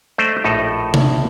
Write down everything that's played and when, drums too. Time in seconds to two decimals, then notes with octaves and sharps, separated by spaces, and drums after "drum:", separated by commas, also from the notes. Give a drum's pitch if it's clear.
0.18 A3 C5 D5 D#5
0.44 A#1 A2 D#4 A4
0.94 drum: tom C3